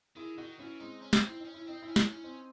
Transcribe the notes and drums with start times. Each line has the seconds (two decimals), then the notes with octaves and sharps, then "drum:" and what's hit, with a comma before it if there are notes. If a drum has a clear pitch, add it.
0.16 D#3 E4 G#4
0.38 D#3 D#4 F#4
0.59 E3 C#4 E4
0.80 G#3 C4 D#4
1.02 C#4
1.13 D#4, drum: snare
1.24 C4 E4
1.40 C#4 D#4
1.54 E4
1.67 C4 D#4
1.82 E4
1.88 C#4
1.96 D#4, drum: snare
2.10 C#4 E4
2.23 C4 D#4